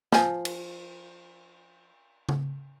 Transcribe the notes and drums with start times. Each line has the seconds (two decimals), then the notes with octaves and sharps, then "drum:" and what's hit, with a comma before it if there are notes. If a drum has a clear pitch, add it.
0.12 F3 G#5, drum: snare
0.45 drum: cymbal
2.29 drum: tom C#3